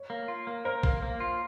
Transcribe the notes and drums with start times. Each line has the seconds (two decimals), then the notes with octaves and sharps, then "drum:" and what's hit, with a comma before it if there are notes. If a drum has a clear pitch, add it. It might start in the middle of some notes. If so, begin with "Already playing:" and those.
Already playing: C#5
0.10 A#3
0.28 F4
0.47 A#3
0.65 A#4 C5
0.83 A#3, drum: kick A#1
1.02 A#3
1.20 F4